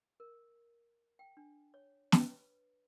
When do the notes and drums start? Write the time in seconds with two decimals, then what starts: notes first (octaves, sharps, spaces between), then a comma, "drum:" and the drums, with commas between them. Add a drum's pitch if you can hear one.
0.20 A#4
1.19 G5
1.37 D4
1.74 C#5
2.12 B4, drum: snare